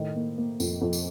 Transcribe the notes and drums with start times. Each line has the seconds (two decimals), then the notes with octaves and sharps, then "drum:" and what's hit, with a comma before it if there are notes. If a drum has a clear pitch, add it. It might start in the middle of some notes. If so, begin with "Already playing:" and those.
Already playing: A2 D#3 C5
0.15 A#3
0.38 A#3
0.60 F2, drum: tambourine
0.81 F2
0.93 drum: tambourine